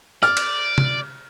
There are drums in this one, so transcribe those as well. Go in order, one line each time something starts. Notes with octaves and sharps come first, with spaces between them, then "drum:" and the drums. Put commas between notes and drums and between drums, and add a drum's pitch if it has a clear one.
D5 F6, drum: tambourine
drum: cymbal
drum: tom C3